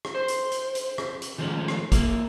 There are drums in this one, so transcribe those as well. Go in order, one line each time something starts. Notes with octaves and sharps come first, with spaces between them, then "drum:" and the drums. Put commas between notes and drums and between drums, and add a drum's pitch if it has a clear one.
drum: rim click
C5
drum: hi-hat
drum: hi-hat
drum: hi-hat
drum: rim click
drum: hi-hat
D#3 F3 G#3 A3 C#4
drum: rim click
A#3 E4, drum: kick, hi-hat